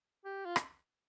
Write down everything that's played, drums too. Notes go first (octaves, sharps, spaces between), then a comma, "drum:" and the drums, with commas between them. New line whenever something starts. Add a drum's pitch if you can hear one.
G4
F4
drum: rim click